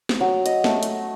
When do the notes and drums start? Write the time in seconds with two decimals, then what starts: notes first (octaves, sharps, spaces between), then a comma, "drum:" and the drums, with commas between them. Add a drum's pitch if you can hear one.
0.09 drum: snare
0.20 F#3
0.46 D#5, drum: hi-hat
0.64 A3, drum: snare
0.83 drum: hi-hat